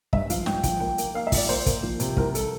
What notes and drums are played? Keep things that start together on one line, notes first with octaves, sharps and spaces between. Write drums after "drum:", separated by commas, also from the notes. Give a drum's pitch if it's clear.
G2 E5, drum: kick
F3 F5, drum: hi-hat
G2 G5, drum: snare
F3 G5, drum: kick, hi-hat
A#3 G5
A#3, drum: hi-hat
A#3 F5
E5
F3, drum: kick, open hi-hat
D5
A#3 C5
A#3, drum: kick, hi-hat
F3
C3, drum: hi-hat
C2 A#4, drum: kick
A4, drum: hi-hat